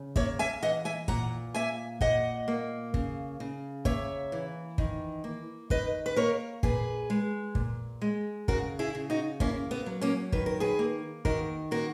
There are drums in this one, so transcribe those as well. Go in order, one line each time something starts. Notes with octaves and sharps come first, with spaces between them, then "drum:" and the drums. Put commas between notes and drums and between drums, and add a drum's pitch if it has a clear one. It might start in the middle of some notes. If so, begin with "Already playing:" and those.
Already playing: C#3
A#3 C#5 E5, drum: kick
E5 G#5
E3 D#5 F#5
E5 G#5
A#2 F#5 A#5, drum: kick
A#3 E5 G#5
A#2 D#5 F#5, drum: kick
A#3
C#3, drum: kick
C#3
A#3 C#5 E5, drum: kick
E3
D#3, drum: kick
A#3
D#3 B4 D#5, drum: kick
B4
A#3 A#4 C#5
A#2 G#4 B4, drum: kick
G#3
A#2, drum: kick
G#3
C#3 F#4 A#4, drum: kick
E4 G#4
C#3
D#4 F#4
A#3 C#4 E4, drum: kick
B3
F#3
A#3 C#4
D#3 B4, drum: kick
A#4
G#4 B4
A#3
D#3 F#4 A#4, drum: kick
A#3 F#4 A#4